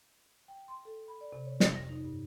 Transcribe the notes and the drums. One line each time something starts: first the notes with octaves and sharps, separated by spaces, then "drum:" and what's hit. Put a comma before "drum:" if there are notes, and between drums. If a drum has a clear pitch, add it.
G5
C6
A4
B5
D5
C3
C#5
F2, drum: snare
A#6
D#4
G2